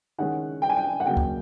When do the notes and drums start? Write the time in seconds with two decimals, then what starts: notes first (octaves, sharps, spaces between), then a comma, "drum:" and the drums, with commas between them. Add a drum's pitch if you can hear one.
0.18 D#3 G#3 C#4 E4 F#5
0.62 G5
0.70 G#5
0.77 G5
1.00 F#5
1.06 C#3 F#3 A#3 G5
1.17 drum: kick C#2